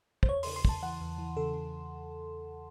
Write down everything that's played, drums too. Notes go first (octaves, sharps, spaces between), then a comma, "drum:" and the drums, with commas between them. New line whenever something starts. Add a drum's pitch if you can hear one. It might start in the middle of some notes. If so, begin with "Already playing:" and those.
C5, drum: kick
E2 C#5
C#3 C6, drum: open hi-hat
C6
E2 A5, drum: kick
E3 F#5
E2
E3
C#3 A4
C#3